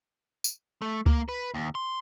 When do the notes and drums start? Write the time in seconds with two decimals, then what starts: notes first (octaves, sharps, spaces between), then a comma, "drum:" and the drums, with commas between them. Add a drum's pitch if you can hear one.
0.44 drum: tambourine
0.82 A3
1.06 A#3, drum: kick C#2
1.29 B4
1.54 D#2
1.75 C6